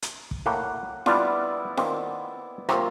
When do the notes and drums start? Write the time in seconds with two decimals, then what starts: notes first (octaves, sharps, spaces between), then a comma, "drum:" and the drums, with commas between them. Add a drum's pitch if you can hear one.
0.02 drum: hi-hat
0.31 drum: kick
0.46 A2 A#3 F#5 G5
1.06 G3 B3 D4 E4 F4 D5, drum: snare F4
1.77 D#3 A#3 C4, drum: snare F4
2.69 C3 F#3 A#3 F4 A#4, drum: rim click